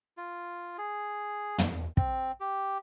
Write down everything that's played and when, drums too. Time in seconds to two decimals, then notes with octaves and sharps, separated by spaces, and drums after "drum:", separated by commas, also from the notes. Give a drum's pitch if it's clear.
0.17 F4
0.78 G#4
1.58 drum: tom
1.97 C4, drum: kick
2.40 G4